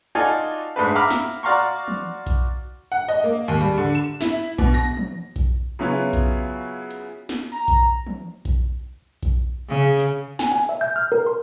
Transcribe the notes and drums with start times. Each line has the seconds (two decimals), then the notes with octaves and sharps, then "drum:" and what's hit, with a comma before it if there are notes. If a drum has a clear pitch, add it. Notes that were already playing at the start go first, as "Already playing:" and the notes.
0.15 D#4 F4 F#4 A4 D5 G#5
0.76 G#2 A3 D4 B4
0.95 E5 F5 A#5 B5 D6 F6
1.10 drum: snare
1.43 F#4 D5 F5 A#5 C6 C#6
1.88 drum: tom E3
2.26 drum: kick B1, hi-hat
2.92 F#5
3.08 D#5
3.24 A#3
3.48 D#2
3.61 G3
3.78 D3
3.95 E7
4.21 E4, drum: snare
4.59 B2, drum: kick B1, hi-hat
4.74 A#6
4.97 drum: tom E3
5.36 drum: kick B1, hi-hat
5.79 C#3 F#3 B3 E4 F4 C#5
6.13 drum: kick B1, hi-hat
6.91 drum: hi-hat
7.29 drum: snare
7.53 A#5
7.68 drum: kick B1, hi-hat
8.07 drum: tom E3
8.45 drum: kick B1, hi-hat
9.23 drum: kick B1, hi-hat
9.69 C#3
10.00 drum: hi-hat
10.39 G#5, drum: snare
10.52 G#5
10.69 E5
10.81 G6
10.96 F6
11.12 A#4
11.26 C6